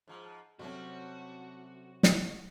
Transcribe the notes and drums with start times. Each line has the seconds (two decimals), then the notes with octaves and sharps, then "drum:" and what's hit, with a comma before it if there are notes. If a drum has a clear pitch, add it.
0.08 G#2 F3
0.59 C3 F#3 G3 A3 C4 C#4 F#4
2.03 drum: snare